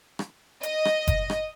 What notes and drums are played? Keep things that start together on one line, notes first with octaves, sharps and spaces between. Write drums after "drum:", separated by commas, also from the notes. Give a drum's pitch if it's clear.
drum: rim click
D#5, drum: hi-hat
drum: rim click
drum: kick F#1, hi-hat
drum: rim click